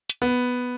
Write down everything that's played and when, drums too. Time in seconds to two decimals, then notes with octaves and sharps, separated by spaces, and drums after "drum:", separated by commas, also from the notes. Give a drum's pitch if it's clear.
0.10 drum: hi-hat
0.22 B3